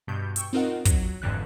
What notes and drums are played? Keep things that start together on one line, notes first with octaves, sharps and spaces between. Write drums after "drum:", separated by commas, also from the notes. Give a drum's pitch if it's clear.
G2 B2 G6
G5 C#6 E6, drum: hi-hat
C4 D#4 F4 A#4 D#5 F#5
F#3, drum: kick, hi-hat
G1 F2 G#2 D3 E3 F#6